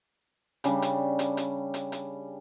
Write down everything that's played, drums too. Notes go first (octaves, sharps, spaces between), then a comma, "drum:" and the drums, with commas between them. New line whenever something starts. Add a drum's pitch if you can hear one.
C#3 G3 D4, drum: hi-hat
drum: hi-hat
drum: hi-hat
drum: hi-hat
drum: hi-hat
drum: hi-hat